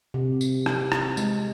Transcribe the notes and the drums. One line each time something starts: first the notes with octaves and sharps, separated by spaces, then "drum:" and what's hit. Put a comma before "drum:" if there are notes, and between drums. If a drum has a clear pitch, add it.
C3
drum: tambourine
drum: rim click
drum: rim click
G#3, drum: tambourine